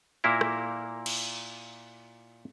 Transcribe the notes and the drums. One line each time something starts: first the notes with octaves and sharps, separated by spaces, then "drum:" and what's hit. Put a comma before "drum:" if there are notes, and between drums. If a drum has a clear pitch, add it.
A#2 A#3 E4 A#4
drum: rim click
drum: cymbal